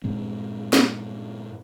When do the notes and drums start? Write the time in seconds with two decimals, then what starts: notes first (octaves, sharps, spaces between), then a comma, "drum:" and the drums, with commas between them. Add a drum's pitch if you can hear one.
0.04 G2 A#2 G#3 C4
0.73 drum: snare